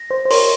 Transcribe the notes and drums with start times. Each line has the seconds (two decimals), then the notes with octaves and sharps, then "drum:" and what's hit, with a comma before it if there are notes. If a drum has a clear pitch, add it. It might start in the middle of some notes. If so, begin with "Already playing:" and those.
Already playing: A#6
0.11 C5
0.25 C5
0.31 A#4 C#5 C6, drum: open hi-hat